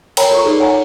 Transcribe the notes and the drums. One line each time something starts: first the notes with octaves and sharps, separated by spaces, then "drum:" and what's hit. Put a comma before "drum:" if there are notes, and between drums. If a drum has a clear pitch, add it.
A#4 C#5 G5 G#5 A#5 B5, drum: cymbal
F4 A4 A#5 C#6
D#4 G#4 A4 B4 D5
C#5 F#5 G#5 A#5